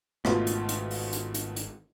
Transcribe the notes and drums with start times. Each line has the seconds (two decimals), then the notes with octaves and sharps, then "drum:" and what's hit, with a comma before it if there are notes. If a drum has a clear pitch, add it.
0.25 G#1 G#2 B2 A3 F4, drum: rim click
0.47 drum: hi-hat
0.69 drum: hi-hat
0.91 drum: open hi-hat
1.12 drum: hi-hat
1.34 drum: hi-hat
1.56 drum: hi-hat